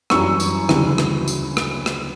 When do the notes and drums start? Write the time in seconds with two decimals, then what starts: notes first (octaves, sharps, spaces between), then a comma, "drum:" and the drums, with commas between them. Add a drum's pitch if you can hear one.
0.10 F#2 E3 G3 C#6 E6, drum: rim click
0.40 drum: tambourine
0.69 D2 C#3 E3 G3, drum: rim click
0.98 drum: rim click
1.28 drum: tambourine
1.57 drum: rim click
1.86 drum: rim click